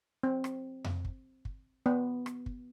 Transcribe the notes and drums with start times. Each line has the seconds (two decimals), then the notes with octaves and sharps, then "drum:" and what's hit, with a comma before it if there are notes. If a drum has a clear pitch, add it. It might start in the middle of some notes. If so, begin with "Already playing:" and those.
0.23 C4
0.44 drum: rim click
0.84 drum: tom F2
1.05 drum: kick
1.45 drum: kick
1.86 B3
2.26 drum: rim click
2.46 drum: kick